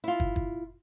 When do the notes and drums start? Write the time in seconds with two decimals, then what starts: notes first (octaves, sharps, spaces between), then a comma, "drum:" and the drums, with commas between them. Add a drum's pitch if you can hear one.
0.04 E4 F4
0.20 drum: kick
0.36 drum: kick